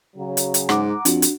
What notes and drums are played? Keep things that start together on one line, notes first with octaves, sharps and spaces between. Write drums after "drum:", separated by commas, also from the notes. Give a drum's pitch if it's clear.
C#3 F#3
drum: hi-hat
drum: hi-hat
G#2 F#5 A#5 D6, drum: rim click
F2 D4 F#4, drum: hi-hat
drum: hi-hat